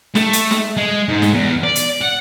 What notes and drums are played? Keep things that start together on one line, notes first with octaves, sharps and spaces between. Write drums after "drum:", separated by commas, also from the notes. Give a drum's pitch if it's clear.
A3, drum: snare
drum: hi-hat
drum: snare
G#3
G#2
drum: snare
E2
D5
drum: hi-hat
F#5